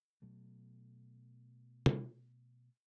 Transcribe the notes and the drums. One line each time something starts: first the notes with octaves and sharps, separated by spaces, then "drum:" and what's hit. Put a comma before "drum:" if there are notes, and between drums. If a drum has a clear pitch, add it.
B2 F#3 A3
drum: tom